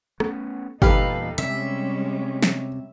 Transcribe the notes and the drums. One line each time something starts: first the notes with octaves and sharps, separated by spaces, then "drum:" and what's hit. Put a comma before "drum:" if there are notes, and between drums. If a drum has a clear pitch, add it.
A3 B3 C#4, drum: rim click
E2 A#2 G3 D#4 G4 A4 B4 F5, drum: kick
C3 G3 G#3 C#4 E5, drum: hi-hat
drum: snare